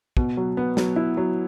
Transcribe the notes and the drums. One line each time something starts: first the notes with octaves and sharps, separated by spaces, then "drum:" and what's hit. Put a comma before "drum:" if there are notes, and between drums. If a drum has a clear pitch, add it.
B2, drum: kick
F#3
B3
F#3, drum: snare
E4
F#3